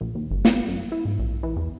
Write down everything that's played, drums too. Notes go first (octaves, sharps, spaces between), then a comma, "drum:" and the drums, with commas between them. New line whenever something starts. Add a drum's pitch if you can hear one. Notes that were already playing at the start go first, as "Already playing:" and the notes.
A#1
D#2
G1
B3, drum: snare
F#2
E4
G#2
A#1
E3
E2